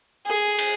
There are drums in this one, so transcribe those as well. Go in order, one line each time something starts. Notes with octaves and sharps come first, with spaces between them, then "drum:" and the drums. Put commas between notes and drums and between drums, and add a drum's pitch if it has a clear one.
G#4
drum: cymbal